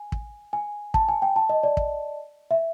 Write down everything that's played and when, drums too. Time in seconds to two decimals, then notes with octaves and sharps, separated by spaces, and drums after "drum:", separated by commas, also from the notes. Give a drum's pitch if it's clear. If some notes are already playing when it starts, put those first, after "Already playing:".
Already playing: G#5
0.12 drum: kick
0.53 G#5
0.94 A5, drum: kick
1.09 G#5
1.22 G5
1.36 A5
1.49 D#5
1.63 D5
1.77 drum: kick
2.51 E5